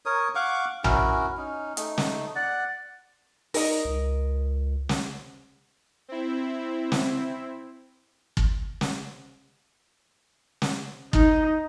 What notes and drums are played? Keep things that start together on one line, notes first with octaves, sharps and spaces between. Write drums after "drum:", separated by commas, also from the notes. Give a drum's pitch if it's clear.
A#4 C#5 D#6
F5 F#5 C#6 D6
C#4 E4 F#4 A#4, drum: tom A#1
C#4 D#4
A3 D#4, drum: hi-hat
drum: snare
D5 F#5
D#4 A#4 D#5, drum: open hi-hat
C#2
drum: snare
C4 E4
drum: snare
drum: kick
drum: snare
drum: snare
D#4, drum: kick